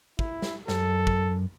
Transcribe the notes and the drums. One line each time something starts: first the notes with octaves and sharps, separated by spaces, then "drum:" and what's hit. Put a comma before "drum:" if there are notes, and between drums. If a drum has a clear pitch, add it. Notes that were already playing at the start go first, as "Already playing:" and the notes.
E4, drum: kick
drum: snare
F#2 A4, drum: snare
drum: kick